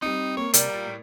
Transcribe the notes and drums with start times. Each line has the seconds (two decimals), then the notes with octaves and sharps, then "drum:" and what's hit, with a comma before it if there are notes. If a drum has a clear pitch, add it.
0.02 G3 C4 D#4 C#7
0.37 A#3 C#5
0.53 C3 G3 A#4 D5, drum: hi-hat
0.70 F4 A#5
0.85 A2